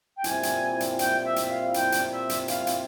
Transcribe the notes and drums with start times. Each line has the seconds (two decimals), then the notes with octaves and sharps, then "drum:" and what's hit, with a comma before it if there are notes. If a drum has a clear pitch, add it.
0.16 G5
0.24 A#2 G3 C4 E4 G#5, drum: hi-hat
0.43 drum: hi-hat
0.80 drum: hi-hat
0.99 G5, drum: hi-hat
1.24 E5
1.36 drum: hi-hat
1.49 F5
1.74 G5, drum: hi-hat
1.92 drum: hi-hat
2.11 E5
2.29 drum: hi-hat
2.48 F5, drum: hi-hat
2.67 drum: hi-hat